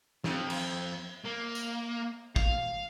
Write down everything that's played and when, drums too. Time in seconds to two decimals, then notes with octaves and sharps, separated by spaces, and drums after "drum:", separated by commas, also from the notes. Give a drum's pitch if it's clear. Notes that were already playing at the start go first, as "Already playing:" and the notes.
0.24 F2, drum: snare
0.50 drum: cymbal
1.25 A#3
1.55 drum: tambourine
2.36 F5, drum: kick